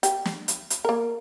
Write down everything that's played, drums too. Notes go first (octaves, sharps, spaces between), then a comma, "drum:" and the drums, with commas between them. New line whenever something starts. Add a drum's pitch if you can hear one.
G4, drum: hi-hat
drum: snare
drum: hi-hat
drum: hi-hat
A#3 A#4